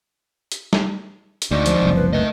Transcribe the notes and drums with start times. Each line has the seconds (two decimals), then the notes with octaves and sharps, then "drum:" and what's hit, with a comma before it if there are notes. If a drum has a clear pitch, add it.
0.52 drum: hi-hat
0.73 drum: snare
1.42 drum: hi-hat
1.51 D2 G#2 D#3 D5
1.66 F3, drum: hi-hat
1.83 F#1 C2
1.96 B4
2.13 A3 A#4 B4 D#5